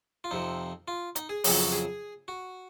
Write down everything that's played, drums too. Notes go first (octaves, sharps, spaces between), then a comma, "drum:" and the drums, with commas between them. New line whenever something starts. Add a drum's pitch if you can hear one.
F4
F2 C3 F3 D#4
F4
D#4, drum: hi-hat
G#4
F2 C#3 F#3, drum: open hi-hat
G#4
F#4